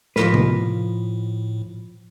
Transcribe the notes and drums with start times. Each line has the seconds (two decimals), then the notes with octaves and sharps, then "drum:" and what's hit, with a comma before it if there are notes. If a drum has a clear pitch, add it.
0.16 A2 F3 A#4 B4, drum: snare
0.34 drum: tom C3